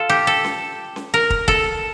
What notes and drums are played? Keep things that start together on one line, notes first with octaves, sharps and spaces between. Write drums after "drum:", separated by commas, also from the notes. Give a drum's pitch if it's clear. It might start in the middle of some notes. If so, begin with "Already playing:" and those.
Already playing: F4 A4
G4
A4
drum: snare C#4
drum: snare C#4
A#4
drum: kick
A4, drum: kick